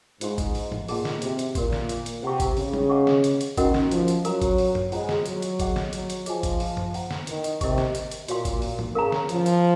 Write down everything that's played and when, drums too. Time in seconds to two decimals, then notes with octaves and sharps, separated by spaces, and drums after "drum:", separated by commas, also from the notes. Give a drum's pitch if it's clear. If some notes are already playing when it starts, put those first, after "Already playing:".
0.21 G#2 F4 C5 F5 C6, drum: hi-hat
0.38 drum: kick G#1, hi-hat
0.55 drum: open hi-hat
0.72 drum: tom G#2
0.88 A#2 D#4 G#4 D#5 F#5 C6, drum: open hi-hat
1.05 drum: snare
1.22 C3, drum: hi-hat
1.39 drum: hi-hat
1.55 A#2 A#4 F5 C6, drum: kick G#1, hi-hat
1.73 drum: snare
1.89 drum: hi-hat
2.06 drum: hi-hat
2.22 C3 C5 F#5 A#5 C#6
2.40 drum: kick G#1, hi-hat
2.57 C#3, drum: open hi-hat
2.73 drum: tom
2.90 G#4 D#5 F#5 C#6
3.07 drum: snare
3.24 drum: hi-hat
3.41 drum: hi-hat
3.57 D#3 C#4 F#4 A#4 D#5 F#5, drum: kick G#1, hi-hat
3.74 drum: snare
3.91 F3, drum: hi-hat
4.08 drum: hi-hat
4.25 F#3 A#4 F5 A#5, drum: hi-hat
4.42 drum: kick G#1, hi-hat
4.58 drum: open hi-hat
4.75 drum: tom F#2
4.92 G#3 F4 C5 F#5 A#5, drum: open hi-hat
5.09 drum: snare
5.25 F#3, drum: hi-hat
5.42 drum: hi-hat
5.60 G#4 D#5 F#5, drum: kick G#1, hi-hat
5.76 drum: snare
5.93 F#3, drum: hi-hat
6.10 drum: hi-hat
6.26 F3 G#4 D#5 G#5, drum: hi-hat
6.43 drum: kick G#1, hi-hat
6.60 drum: open hi-hat
6.77 drum: tom F#2
6.94 C5 F#5 A#5, drum: open hi-hat
7.11 drum: snare
7.27 D#3, drum: hi-hat
7.44 drum: hi-hat
7.61 C3 A#4 D#5 A#5 C#6, drum: kick G#1, hi-hat
7.78 drum: snare
7.95 drum: hi-hat
8.11 drum: hi-hat
8.28 A#2 F#4 C#5 F5 C6, drum: hi-hat
8.45 drum: kick G#1, hi-hat
8.62 drum: open hi-hat
8.79 drum: tom G#2
8.95 C#3 A#4 F5 A#5
9.12 drum: snare
9.29 F3, drum: hi-hat
9.46 drum: hi-hat